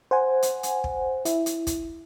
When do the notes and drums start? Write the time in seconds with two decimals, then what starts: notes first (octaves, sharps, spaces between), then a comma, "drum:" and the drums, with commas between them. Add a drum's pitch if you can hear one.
0.11 C5 F#5 G#5
0.42 drum: hi-hat
0.63 drum: hi-hat
0.84 drum: kick
1.25 E4, drum: hi-hat
1.46 drum: hi-hat
1.67 drum: kick, hi-hat